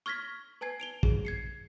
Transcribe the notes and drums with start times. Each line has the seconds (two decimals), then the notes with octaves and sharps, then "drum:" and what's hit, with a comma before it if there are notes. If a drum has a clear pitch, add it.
0.06 C#6 F6 G#6 A#6 B6
0.61 B4 G#5 A5 G#6 C7
0.80 D7 F7 G7
1.03 G#4, drum: kick
1.25 G#6 C7 C#7